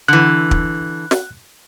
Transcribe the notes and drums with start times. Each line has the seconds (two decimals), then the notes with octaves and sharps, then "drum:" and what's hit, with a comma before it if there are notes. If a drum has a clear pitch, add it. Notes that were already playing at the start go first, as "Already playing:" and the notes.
0.08 D3 E3 F#6
0.51 drum: kick
1.11 drum: snare